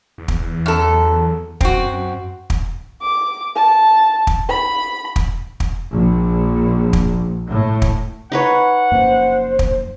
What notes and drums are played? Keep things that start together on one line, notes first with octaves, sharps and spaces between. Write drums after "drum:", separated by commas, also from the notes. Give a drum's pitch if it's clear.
E2
drum: kick
F#2 A4
F#2 C4 F#4, drum: kick
drum: kick
D6
A5
drum: kick
B5
drum: kick
drum: kick
A#1
drum: kick
A2
drum: kick
D#4 B4 C#5 F#5
F1 F#2 A#3 C5
drum: kick